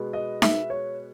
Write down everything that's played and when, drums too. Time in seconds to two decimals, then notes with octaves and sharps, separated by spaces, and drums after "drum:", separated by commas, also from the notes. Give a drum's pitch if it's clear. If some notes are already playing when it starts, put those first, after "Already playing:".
Already playing: B2 G#3 B3
0.13 D#5
0.42 E5, drum: snare D#4
0.70 C#5